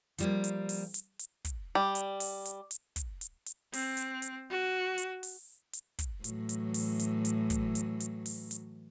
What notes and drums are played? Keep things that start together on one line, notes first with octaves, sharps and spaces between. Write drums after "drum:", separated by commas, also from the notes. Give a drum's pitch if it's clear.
F3 G3 A#3, drum: hi-hat
drum: hi-hat
drum: open hi-hat
drum: hi-hat
drum: hi-hat
drum: kick, hi-hat
G3
drum: hi-hat
drum: open hi-hat
drum: hi-hat
drum: hi-hat
drum: kick, hi-hat
drum: hi-hat
drum: hi-hat
C4, drum: open hi-hat
drum: hi-hat
drum: hi-hat
F#4
drum: hi-hat
drum: open hi-hat
drum: hi-hat
drum: kick, hi-hat
A2 E3 F#3, drum: hi-hat
drum: hi-hat
drum: open hi-hat
drum: hi-hat
drum: hi-hat
drum: kick, hi-hat
drum: hi-hat
drum: hi-hat
drum: open hi-hat
drum: hi-hat